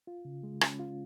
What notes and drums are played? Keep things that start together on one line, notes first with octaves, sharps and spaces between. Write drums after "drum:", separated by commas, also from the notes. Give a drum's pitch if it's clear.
F4
C#3
G#3
C#4, drum: rim click
F4